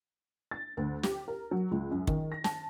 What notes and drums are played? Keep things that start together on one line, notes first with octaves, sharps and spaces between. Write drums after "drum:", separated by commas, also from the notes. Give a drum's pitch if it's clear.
A6
D2
G4, drum: snare
A#4
F#3
C#2
F#2
D#3, drum: kick
A#6
A5, drum: snare